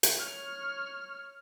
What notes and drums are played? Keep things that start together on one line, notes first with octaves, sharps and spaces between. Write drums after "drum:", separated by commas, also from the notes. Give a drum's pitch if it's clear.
drum: hi-hat
C#5 F6